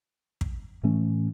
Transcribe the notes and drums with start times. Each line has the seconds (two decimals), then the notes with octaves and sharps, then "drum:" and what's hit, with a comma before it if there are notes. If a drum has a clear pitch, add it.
0.41 drum: kick
0.83 A2 E3 A3 C#4